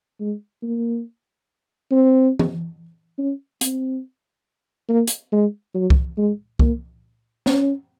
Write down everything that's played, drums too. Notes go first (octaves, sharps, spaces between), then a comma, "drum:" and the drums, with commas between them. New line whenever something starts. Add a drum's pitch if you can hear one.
G#3
A#3
C4
drum: tom E3
C#4
C4, drum: hi-hat
A#3
drum: hi-hat
G#3
F#3
drum: kick C2
G#3
A#3, drum: kick C2
C#4, drum: snare